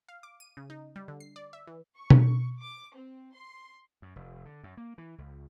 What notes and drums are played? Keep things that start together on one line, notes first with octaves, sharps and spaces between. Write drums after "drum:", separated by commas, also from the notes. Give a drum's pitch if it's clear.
F5
D6
D#7
C#3
D#4
G3
D3
C7
D5
E5
E3
C#6
drum: tom B2
D6
C4
C6
F#2
F1
D3
F#2
A#3
E3
C#2